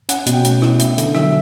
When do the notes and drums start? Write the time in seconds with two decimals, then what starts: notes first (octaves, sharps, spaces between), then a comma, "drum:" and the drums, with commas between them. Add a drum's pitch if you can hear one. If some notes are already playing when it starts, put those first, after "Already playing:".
0.09 C#4 F#5, drum: hi-hat
0.26 B2, drum: hi-hat
0.33 G5
0.44 A3, drum: hi-hat
0.62 E4, drum: rim click
0.79 B3 E5, drum: hi-hat
0.98 D3, drum: hi-hat
1.15 F#3 E5, drum: rim click